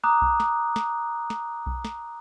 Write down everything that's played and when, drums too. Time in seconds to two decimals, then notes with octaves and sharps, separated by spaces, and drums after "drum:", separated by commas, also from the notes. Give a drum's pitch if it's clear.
0.04 A#5 D6 D#6 F#6
0.22 drum: kick B1
0.40 drum: snare
0.76 drum: snare
1.30 drum: snare
1.66 drum: kick B1
1.85 drum: snare